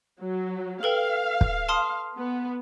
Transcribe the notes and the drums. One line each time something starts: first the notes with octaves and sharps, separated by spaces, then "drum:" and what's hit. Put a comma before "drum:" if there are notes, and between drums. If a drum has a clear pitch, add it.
F#3
A4 B4 F5 G5
drum: kick
A5 C6 D#6
B3